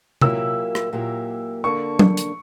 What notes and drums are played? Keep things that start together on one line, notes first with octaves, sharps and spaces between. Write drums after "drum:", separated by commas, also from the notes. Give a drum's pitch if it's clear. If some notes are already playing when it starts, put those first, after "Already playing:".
A#2 F#3 A#3 E4 G4 E6, drum: tom C3
drum: rim click
A#2 F#3 A#3 E4 G4
D3 A#3 D4 C#6
drum: tom F#3
drum: hi-hat